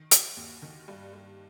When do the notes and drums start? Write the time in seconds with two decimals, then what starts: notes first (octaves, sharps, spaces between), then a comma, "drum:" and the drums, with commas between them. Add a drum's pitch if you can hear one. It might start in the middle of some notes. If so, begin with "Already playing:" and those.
Already playing: D#3
0.11 F#4, drum: hi-hat
0.37 D#2
0.62 D#3
0.88 G2
1.13 G2